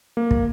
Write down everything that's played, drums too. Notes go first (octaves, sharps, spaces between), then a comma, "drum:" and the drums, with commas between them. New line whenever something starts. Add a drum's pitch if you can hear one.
A#3
drum: kick